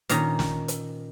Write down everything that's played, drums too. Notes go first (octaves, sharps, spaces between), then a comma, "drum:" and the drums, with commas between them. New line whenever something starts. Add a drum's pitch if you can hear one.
A#2 D#3 C#4 D#4 A#5, drum: hi-hat
drum: snare
drum: hi-hat